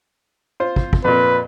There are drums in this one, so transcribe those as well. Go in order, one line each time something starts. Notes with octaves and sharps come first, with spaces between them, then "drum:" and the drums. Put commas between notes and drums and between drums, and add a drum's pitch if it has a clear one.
F4 C5
drum: kick
drum: kick
F2 A#2 B4